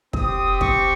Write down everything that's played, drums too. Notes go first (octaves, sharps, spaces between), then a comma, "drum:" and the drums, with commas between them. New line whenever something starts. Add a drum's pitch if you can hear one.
C4 G4 D#6, drum: kick
C#6, drum: kick